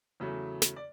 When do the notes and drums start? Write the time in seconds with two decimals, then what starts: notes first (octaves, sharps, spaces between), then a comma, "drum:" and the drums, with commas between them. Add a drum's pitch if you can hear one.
0.20 E2 C#3 F#3 A3
0.62 drum: snare
0.76 D5